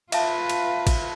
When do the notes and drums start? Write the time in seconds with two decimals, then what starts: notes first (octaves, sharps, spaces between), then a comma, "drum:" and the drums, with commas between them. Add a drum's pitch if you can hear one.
0.12 F4 B4 E5 F5 A5, drum: cymbal
0.49 drum: cymbal
0.87 drum: kick, cymbal